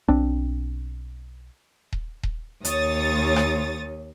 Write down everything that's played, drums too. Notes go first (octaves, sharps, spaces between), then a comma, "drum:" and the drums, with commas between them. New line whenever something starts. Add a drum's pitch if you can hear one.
B1 C4 D4
drum: kick D#1
drum: kick D#1
D#2 C#5 D#6 A6, drum: hi-hat
drum: rim click